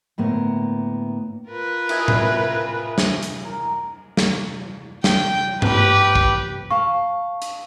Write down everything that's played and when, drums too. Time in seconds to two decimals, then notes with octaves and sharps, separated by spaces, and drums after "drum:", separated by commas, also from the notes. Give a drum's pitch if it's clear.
0.18 D2 A2 A#3 B3
1.48 F4 A#4 B4
1.89 E4 G#4 G#5, drum: cymbal
2.08 drum: tom A2
2.98 drum: snare
3.23 drum: hi-hat
3.44 A#4
4.17 drum: snare
5.04 G5, drum: snare
5.62 G4 B4, drum: tom G2
6.15 drum: kick
6.71 F5 A5 C#6
7.42 drum: hi-hat